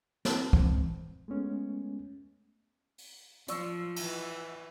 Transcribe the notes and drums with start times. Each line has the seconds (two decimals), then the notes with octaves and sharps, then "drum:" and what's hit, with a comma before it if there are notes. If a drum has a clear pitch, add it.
0.25 C4 E4 A5, drum: snare
0.53 E3 G#3 C4 C5, drum: kick
1.28 G#3 A3 B3 C#4
2.98 drum: open hi-hat
3.48 F3 D5 C#6 E6, drum: hi-hat
3.96 E3, drum: cymbal